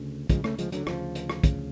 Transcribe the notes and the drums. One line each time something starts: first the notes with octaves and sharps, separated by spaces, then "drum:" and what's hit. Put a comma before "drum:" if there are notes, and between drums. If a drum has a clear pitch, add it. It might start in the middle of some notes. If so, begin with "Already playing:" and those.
Already playing: D2 C#3
D2 C#3 F3 G#3, drum: kick, hi-hat
A3 C#4, drum: rim click
F3 G#3, drum: hi-hat
D3 F#3, drum: hi-hat
D2 C#3 F3, drum: rim click
drum: hi-hat
drum: rim click
D2 C#3, drum: kick, hi-hat